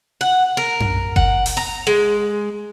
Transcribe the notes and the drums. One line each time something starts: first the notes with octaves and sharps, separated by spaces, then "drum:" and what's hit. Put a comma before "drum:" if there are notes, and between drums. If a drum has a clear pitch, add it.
F#5
A#4
drum: tom F#2
F#5, drum: kick G1
drum: open hi-hat
A#5
G#3